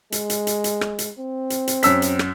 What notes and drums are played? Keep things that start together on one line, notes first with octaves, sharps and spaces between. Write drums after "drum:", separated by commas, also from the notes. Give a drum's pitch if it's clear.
G#3, drum: hi-hat
drum: hi-hat
drum: hi-hat
drum: hi-hat
drum: rim click
drum: hi-hat
C4
drum: hi-hat
drum: hi-hat
F#2 E6 B6, drum: hi-hat
drum: hi-hat
drum: rim click